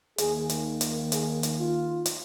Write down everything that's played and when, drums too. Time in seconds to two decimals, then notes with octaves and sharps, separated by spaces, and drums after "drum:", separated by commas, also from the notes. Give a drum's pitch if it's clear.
0.18 D#2 D#3 A#3 G#4, drum: hi-hat
0.49 drum: hi-hat
0.81 drum: hi-hat
1.12 G#4, drum: hi-hat
1.43 drum: hi-hat
1.59 F4
2.06 drum: hi-hat